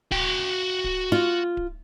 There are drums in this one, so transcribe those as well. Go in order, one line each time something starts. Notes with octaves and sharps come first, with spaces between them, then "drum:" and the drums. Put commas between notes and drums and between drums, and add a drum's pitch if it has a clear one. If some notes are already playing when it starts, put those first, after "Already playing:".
F#4 G5, drum: kick D1
drum: kick D1
F4
drum: kick D1